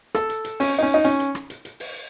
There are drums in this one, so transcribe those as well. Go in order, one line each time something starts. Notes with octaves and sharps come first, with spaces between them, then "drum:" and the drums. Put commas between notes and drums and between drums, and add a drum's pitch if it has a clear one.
A4, drum: rim click
drum: hi-hat
drum: hi-hat
C#4, drum: open hi-hat
D#4
C#4
D#4
C#4, drum: hi-hat
drum: hi-hat
drum: rim click
drum: hi-hat
drum: hi-hat
drum: open hi-hat